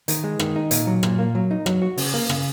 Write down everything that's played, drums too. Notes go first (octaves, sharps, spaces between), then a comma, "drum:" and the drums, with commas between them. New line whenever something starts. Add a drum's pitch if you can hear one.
D#3, drum: hi-hat
G#3
D#3, drum: rim click
D#4
A#2, drum: hi-hat
F#3
A#2, drum: rim click
A#3
F#3
D#4
F#3, drum: rim click
F#4
C#3, drum: open hi-hat
A#3
C#3, drum: rim click